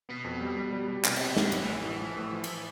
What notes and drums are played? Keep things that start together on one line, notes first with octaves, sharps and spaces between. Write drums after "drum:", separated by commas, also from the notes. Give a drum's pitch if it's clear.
B2 B3
F2
G3
G3
G3
G3
A2 C3, drum: clap
B2, drum: cymbal
C3
B2
D3 G3, drum: snare
A1 E3, drum: cymbal
A1
A2
F3
A2
F3
drum: cymbal